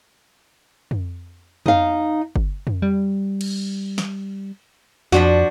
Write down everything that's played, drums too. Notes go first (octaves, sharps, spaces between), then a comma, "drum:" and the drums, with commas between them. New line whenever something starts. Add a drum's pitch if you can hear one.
drum: tom F2
D#4 F5, drum: tom F2
drum: kick G1
drum: tom F2
G3
drum: cymbal
drum: snare
F2 F3 D4 F#4, drum: snare